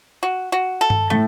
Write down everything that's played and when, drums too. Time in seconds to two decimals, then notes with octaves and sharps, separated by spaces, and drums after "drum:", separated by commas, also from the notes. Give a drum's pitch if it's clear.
0.23 F#4
0.52 F#4
0.81 A4
0.90 drum: tom G2
1.10 A2 A3